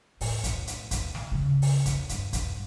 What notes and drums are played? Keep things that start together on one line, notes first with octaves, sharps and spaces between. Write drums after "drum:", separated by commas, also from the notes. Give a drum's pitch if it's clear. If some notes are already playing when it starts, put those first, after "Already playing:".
A2, drum: open hi-hat
drum: kick, hi-hat
drum: hi-hat
drum: kick, hi-hat
drum: snare
C#3
drum: open hi-hat
drum: kick, hi-hat
G2, drum: hi-hat
drum: kick, hi-hat